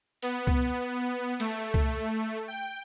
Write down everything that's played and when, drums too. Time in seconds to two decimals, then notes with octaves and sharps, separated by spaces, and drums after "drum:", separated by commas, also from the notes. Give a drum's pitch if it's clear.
0.22 B3, drum: hi-hat
0.47 drum: kick C2
1.40 A3, drum: cymbal
1.74 drum: kick C2
2.48 G5